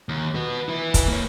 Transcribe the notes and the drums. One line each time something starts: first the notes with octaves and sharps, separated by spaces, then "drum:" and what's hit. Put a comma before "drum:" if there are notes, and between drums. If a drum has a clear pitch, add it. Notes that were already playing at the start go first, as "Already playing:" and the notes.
D#2
F#4 B4
E4 B4
drum: kick, hi-hat
A#3 C#5